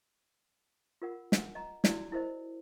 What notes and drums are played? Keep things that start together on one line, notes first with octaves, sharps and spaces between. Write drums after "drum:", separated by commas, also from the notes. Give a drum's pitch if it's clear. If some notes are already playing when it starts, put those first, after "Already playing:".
F4 A#4 F#5
F#5, drum: snare
D#5 A#5
E4 F#4 D5, drum: snare
E4 A#4 C5 D#5